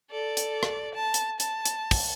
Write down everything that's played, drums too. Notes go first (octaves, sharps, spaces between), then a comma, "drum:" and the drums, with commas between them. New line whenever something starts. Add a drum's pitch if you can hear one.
A4 D5
drum: hi-hat
drum: rim click
A5
drum: hi-hat
A5, drum: hi-hat
drum: hi-hat
drum: kick, open hi-hat